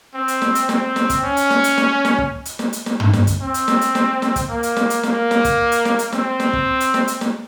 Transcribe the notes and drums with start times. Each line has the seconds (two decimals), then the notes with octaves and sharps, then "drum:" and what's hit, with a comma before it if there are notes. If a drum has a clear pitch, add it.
0.14 C4
0.28 drum: hi-hat
0.42 drum: snare
0.55 drum: hi-hat
0.69 C4, drum: snare
0.96 drum: snare
1.10 drum: kick, hi-hat
1.23 C#4
1.37 drum: hi-hat
1.50 drum: snare
1.64 drum: hi-hat
1.77 drum: snare
2.05 drum: snare
2.18 drum: kick
2.45 drum: hi-hat
2.59 drum: snare
2.73 drum: hi-hat
2.86 drum: snare
3.00 drum: tom
3.13 drum: snare
3.27 drum: kick, hi-hat
3.41 C4
3.54 drum: hi-hat
3.68 drum: snare
3.81 drum: hi-hat
3.95 drum: snare
4.22 drum: snare
4.36 drum: kick, hi-hat
4.49 A#3
4.63 drum: hi-hat
4.77 drum: snare
4.90 drum: hi-hat
5.03 A#3, drum: snare
5.31 drum: snare
5.44 drum: kick, hi-hat
5.72 drum: hi-hat
5.85 drum: snare
5.99 drum: hi-hat
6.12 C4, drum: snare
6.40 drum: snare
6.53 drum: kick
6.80 drum: hi-hat
6.94 drum: snare
7.08 drum: hi-hat
7.21 drum: snare